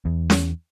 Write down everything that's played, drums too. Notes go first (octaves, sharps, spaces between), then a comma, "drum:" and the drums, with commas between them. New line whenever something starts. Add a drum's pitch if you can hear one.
E2
drum: snare C#4